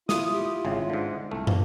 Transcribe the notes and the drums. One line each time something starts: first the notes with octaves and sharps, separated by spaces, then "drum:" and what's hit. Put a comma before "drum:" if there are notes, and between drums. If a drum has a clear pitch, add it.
E4 F4 D#6, drum: snare
G4
G#1 C#3 G#3
G#2 D3
C2 A3
A#3 D4, drum: tom